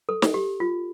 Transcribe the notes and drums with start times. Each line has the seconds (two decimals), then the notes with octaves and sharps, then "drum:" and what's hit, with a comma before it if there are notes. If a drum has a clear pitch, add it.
0.09 A4
0.22 A4, drum: snare
0.34 G4
0.60 F4